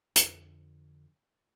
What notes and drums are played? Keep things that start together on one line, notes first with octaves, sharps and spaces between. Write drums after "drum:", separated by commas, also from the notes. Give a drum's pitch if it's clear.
F2 D3 A#5, drum: hi-hat